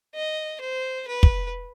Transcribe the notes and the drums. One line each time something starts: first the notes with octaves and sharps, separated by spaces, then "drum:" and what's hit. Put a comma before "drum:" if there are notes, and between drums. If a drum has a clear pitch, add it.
D#5
C5
B4
drum: kick